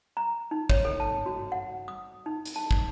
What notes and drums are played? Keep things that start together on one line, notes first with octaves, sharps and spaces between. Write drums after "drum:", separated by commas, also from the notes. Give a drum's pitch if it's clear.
A#5
D#4
C#5, drum: kick
A4
A5
F#4
F#5
D#6
D#4
drum: hi-hat
A5
drum: kick